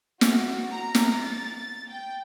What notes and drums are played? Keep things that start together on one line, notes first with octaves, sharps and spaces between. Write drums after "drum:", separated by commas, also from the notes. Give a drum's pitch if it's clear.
F#4, drum: snare
A#5
drum: snare
A6
G5